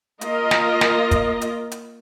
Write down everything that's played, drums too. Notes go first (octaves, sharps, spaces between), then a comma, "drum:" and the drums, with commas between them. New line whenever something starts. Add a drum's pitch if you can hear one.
A#3 F4 A#4 D#5, drum: hi-hat
drum: snare
drum: snare
drum: kick, hi-hat
drum: hi-hat
drum: hi-hat